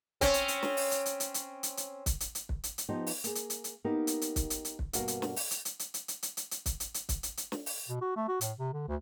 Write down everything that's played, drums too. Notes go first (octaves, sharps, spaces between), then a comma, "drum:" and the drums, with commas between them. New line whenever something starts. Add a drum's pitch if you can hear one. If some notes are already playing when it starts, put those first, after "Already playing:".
C4 C#4, drum: kick, hi-hat
drum: hi-hat
drum: hi-hat
drum: snare
drum: open hi-hat
drum: hi-hat
drum: hi-hat
drum: hi-hat
drum: hi-hat
drum: hi-hat
drum: hi-hat
drum: kick, hi-hat
drum: hi-hat
drum: hi-hat
drum: kick
drum: hi-hat
drum: hi-hat
F3 B3 D#4 G4 B4 C5
drum: open hi-hat
A#3 G#4, drum: hi-hat
drum: hi-hat
drum: hi-hat
drum: hi-hat
A#3 B3 D#4 G4 A#4
drum: hi-hat
drum: hi-hat
drum: kick, hi-hat
drum: hi-hat
drum: hi-hat
drum: kick
G2 B2 A#3 F#4 A#4 F5, drum: hi-hat
drum: hi-hat
drum: snare
drum: open hi-hat
drum: hi-hat
drum: hi-hat
drum: hi-hat
drum: hi-hat
drum: hi-hat
drum: hi-hat
drum: hi-hat
drum: hi-hat
drum: kick, hi-hat
drum: hi-hat
drum: hi-hat
drum: kick, hi-hat
drum: hi-hat
drum: hi-hat
drum: snare
drum: open hi-hat
B2
F#4
A3
F#4
A2, drum: hi-hat
C3
D3
D2